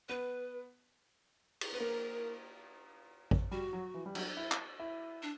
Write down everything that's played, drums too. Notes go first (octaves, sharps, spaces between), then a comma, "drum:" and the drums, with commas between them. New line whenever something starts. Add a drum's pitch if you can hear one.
B3 B4
drum: cymbal
B3 B4
A#3 A#4
drum: kick A1
G3 F#4
F#3
E3
G3
F#3, drum: cymbal
E4
drum: clap
E4
D4